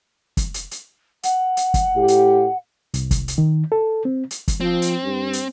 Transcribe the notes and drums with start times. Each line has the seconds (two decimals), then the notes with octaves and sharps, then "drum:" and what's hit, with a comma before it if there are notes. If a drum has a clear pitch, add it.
0.37 drum: kick, hi-hat
0.54 drum: hi-hat
0.71 drum: hi-hat
1.23 F#5, drum: hi-hat
1.57 drum: hi-hat
1.74 drum: kick, hi-hat
1.96 A2 G4
2.08 drum: hi-hat
2.94 C2, drum: hi-hat
3.11 drum: kick, hi-hat
3.28 drum: hi-hat
3.38 D#3
3.72 A4
4.05 C4
4.31 drum: hi-hat
4.48 drum: kick, hi-hat
4.61 F3 C4
4.82 drum: hi-hat
5.04 G2
5.33 drum: hi-hat